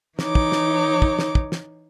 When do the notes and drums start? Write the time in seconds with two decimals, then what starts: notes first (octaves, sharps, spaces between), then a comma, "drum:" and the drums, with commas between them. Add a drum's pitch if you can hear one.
0.19 E3 D#4 C#5 D6, drum: snare
0.35 drum: kick
0.52 drum: snare
1.02 drum: kick
1.19 drum: snare
1.35 drum: kick
1.52 drum: snare